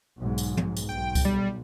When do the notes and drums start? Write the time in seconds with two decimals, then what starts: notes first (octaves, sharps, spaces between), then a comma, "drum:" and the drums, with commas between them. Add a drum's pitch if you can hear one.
0.18 B1 G#2
0.38 drum: tambourine
0.57 drum: tom
0.77 drum: tambourine
0.89 B1 G5
1.15 drum: kick C#2, tambourine
1.25 G3